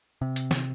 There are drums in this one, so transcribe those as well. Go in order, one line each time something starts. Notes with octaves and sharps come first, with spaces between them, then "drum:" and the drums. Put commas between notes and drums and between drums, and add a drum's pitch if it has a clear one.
C3
drum: hi-hat
drum: snare